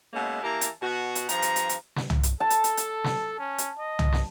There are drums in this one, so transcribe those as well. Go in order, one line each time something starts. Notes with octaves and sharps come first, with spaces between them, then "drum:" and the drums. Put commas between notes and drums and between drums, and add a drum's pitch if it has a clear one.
B2 G#3 A#3 C#4 E4
E3 A#3 G4 A5 A#5
drum: hi-hat
B2 F#4
drum: hi-hat
G2 F3 A#5, drum: hi-hat
drum: hi-hat
drum: hi-hat
drum: hi-hat
drum: snare
drum: tom
drum: hi-hat
A4 A5
drum: hi-hat
drum: hi-hat
drum: hi-hat
drum: snare
C#4
drum: hi-hat
D#5
drum: tom
drum: snare